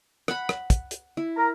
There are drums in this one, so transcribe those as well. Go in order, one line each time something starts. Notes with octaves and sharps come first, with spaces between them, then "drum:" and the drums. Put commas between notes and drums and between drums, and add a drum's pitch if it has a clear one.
F#5 B5, drum: rim click
drum: rim click
drum: kick, hi-hat
drum: hi-hat
E4
A#4 A#5